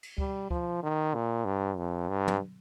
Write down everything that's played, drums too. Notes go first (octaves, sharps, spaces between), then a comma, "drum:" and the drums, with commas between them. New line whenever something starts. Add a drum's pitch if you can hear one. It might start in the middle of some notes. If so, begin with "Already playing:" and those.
drum: cymbal
G3, drum: kick C#2
F3, drum: kick C#2
D#3
A#2
G2
F2
G2
drum: tom